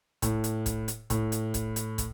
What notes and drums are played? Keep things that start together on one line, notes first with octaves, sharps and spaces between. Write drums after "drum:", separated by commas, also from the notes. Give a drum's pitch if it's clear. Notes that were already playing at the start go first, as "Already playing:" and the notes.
A2, drum: kick, hi-hat
drum: hi-hat
drum: kick, hi-hat
drum: hi-hat
A2, drum: kick, hi-hat
drum: hi-hat
drum: kick, hi-hat
drum: hi-hat
drum: kick, hi-hat